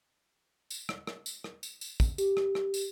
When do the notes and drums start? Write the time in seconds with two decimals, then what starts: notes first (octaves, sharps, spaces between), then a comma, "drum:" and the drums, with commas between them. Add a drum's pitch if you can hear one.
0.70 drum: tambourine
0.89 drum: rim click
1.07 drum: rim click
1.26 drum: tambourine
1.44 drum: rim click
1.63 drum: tambourine
1.81 drum: tambourine
2.00 drum: kick, tambourine
2.18 G4, drum: tambourine
2.37 drum: rim click
2.55 drum: rim click
2.74 drum: tambourine